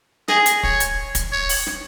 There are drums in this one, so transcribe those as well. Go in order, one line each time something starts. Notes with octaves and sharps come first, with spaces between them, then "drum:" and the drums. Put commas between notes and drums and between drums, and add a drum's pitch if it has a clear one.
G#4 D#5, drum: snare
drum: hi-hat
C#5, drum: kick
drum: hi-hat
drum: kick, hi-hat
C#5
drum: open hi-hat
drum: snare